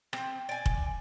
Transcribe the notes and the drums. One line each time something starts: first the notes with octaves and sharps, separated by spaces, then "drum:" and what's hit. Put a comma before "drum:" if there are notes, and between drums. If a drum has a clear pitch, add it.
C4, drum: rim click
D5 G#5
drum: kick F1